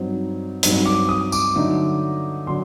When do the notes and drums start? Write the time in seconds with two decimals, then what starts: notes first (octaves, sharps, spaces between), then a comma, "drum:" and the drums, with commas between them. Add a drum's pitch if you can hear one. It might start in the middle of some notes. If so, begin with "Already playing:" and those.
Already playing: G2 F#3 C4 D#4
0.63 G2 F#3 C4 D#4, drum: hi-hat
0.86 D6
1.09 D#6
1.32 D6, drum: tambourine
1.55 D3 F#3 A3 D#4
2.47 D3 F#3 C6